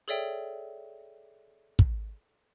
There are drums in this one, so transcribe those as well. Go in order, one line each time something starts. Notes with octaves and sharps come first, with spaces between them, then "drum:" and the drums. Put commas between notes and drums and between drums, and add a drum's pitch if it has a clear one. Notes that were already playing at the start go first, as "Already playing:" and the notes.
G#4 A4 C#5 D5 E5 G5
drum: kick